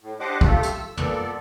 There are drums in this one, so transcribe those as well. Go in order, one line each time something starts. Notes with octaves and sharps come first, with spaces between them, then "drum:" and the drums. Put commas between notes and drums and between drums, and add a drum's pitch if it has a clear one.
A2
D4 G4 C5 D#5 F#5 D6
A3 F4 G4 A4, drum: kick
drum: hi-hat
E6
A#2 B3 A4 D5, drum: tom